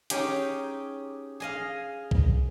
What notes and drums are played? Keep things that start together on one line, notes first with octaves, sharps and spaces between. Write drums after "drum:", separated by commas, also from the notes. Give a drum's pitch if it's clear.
C#4 D#4 G4 G#4, drum: hi-hat
G#4 D#5 F5
drum: kick B1